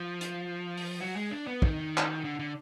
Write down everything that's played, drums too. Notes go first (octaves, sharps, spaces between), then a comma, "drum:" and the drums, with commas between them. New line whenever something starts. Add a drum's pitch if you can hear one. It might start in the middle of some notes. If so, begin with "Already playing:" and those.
Already playing: F3
drum: hi-hat
drum: open hi-hat
F#3
G#3
D4
B3
D#3, drum: kick
drum: clap
D3
D3